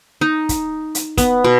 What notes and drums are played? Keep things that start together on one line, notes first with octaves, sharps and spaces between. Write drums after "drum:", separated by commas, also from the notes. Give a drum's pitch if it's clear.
D#4
drum: kick, hi-hat
drum: hi-hat
B3, drum: kick, hi-hat
B2